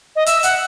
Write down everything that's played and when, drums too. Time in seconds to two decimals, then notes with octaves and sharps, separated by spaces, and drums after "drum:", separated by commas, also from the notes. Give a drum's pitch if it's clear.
0.16 D#5
0.26 E5, drum: hi-hat
0.43 F#5, drum: hi-hat